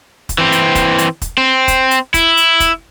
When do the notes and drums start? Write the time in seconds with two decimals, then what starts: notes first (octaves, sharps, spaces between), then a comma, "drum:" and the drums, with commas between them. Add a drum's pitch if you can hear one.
0.29 drum: kick, hi-hat
0.38 E3 C4
0.52 drum: hi-hat
0.75 drum: kick, hi-hat
0.98 drum: hi-hat
1.22 drum: kick, hi-hat
1.38 C4
1.68 drum: kick, hi-hat
1.91 drum: hi-hat
2.14 E4, drum: kick, hi-hat
2.37 drum: hi-hat
2.60 drum: kick, hi-hat